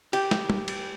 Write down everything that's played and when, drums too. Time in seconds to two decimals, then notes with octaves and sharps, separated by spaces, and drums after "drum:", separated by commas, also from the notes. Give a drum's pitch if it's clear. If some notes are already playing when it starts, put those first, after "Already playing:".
0.13 G4, drum: cymbal
0.31 drum: snare
0.50 drum: tom
0.68 drum: cymbal